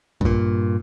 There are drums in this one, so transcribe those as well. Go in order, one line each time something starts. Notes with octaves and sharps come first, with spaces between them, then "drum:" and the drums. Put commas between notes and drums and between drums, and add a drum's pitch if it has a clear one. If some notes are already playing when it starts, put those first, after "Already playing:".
G2 A#2, drum: kick